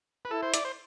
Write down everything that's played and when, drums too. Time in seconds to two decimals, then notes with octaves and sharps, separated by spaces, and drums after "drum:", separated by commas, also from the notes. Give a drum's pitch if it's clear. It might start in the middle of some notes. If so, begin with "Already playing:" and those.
0.25 B4
0.31 E4 A4
0.43 C5
0.54 D5, drum: hi-hat
0.65 C5